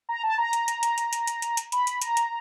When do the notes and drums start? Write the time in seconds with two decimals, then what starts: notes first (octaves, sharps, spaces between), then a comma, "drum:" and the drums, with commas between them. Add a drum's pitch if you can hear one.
0.09 A#5
0.23 A5
0.38 A#5
0.53 drum: hi-hat
0.68 drum: hi-hat
0.83 drum: hi-hat
0.98 drum: hi-hat
1.13 drum: hi-hat
1.27 drum: hi-hat
1.42 drum: hi-hat
1.57 drum: hi-hat
1.72 B5, drum: hi-hat
1.87 drum: hi-hat
2.02 A#5, drum: hi-hat
2.17 drum: hi-hat